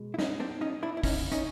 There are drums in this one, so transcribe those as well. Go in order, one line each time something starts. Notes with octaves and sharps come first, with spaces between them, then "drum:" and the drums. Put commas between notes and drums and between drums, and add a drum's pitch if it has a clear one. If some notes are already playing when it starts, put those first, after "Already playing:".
Already playing: B2 G#3
E4
C#4 D#4, drum: snare
C4 D4
C#4 D#4
D4 E4
E4
C#4 D#4, drum: kick, open hi-hat
C#4 D#4, drum: hi-hat